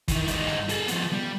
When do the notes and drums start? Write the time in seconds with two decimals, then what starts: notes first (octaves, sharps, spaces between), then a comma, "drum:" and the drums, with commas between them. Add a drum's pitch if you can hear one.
0.08 D#3 E3, drum: kick, hi-hat
0.27 G2 D#4, drum: hi-hat
0.47 drum: snare
0.69 G#4 A4, drum: hi-hat
0.88 F3 B3, drum: hi-hat
1.12 G3